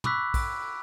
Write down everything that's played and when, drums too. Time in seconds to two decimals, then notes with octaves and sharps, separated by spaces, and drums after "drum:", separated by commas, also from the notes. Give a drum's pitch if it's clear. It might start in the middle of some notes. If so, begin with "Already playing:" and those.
0.04 B5 C#6 D6 E6 F#6 B6, drum: tom
0.34 drum: kick A#1, cymbal